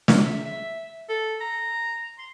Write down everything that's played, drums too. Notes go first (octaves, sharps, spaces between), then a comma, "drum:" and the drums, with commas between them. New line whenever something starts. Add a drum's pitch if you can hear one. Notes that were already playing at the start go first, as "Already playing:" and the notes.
drum: snare
E5
E5
A4
A#5
C6